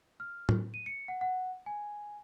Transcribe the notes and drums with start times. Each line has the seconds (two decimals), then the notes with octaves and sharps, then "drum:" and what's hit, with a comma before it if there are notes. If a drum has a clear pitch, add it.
0.20 F6
0.49 drum: tom A2
0.74 D#7
0.86 C#7
1.08 F#5
1.21 F#5
1.66 G#5